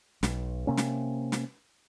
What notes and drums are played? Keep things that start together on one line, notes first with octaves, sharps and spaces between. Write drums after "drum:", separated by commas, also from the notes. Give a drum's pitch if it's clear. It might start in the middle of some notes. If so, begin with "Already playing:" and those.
B1, drum: snare
C3 A#3 C#4
drum: snare
drum: snare